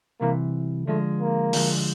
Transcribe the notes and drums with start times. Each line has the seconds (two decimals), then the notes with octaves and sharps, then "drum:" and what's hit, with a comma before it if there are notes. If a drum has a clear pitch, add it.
0.20 C2 C3 E3 A#3
0.87 D3 F3 G#3 A3
1.20 A#3
1.53 D2 D3 F3 G#3, drum: open hi-hat